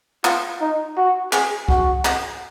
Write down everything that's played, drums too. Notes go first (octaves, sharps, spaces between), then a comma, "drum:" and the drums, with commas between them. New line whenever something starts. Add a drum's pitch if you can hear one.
F4, drum: clap
D#4
F#4
G#4, drum: clap
F#4, drum: kick C2
drum: clap